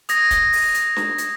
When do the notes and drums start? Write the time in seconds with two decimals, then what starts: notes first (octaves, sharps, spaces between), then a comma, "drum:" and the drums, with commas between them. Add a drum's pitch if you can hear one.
0.09 D#6 G#6 A#6, drum: hi-hat
0.31 drum: kick, hi-hat
0.53 drum: open hi-hat
0.75 drum: hi-hat
0.96 drum: snare
1.18 drum: hi-hat